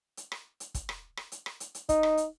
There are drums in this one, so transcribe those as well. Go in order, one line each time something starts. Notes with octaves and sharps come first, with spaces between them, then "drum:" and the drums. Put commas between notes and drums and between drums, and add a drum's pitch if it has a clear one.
drum: hi-hat
drum: rim click
drum: hi-hat
drum: kick, hi-hat
drum: rim click
drum: rim click
drum: hi-hat
drum: rim click
drum: hi-hat
drum: hi-hat
D#4, drum: kick, hi-hat
drum: rim click
drum: hi-hat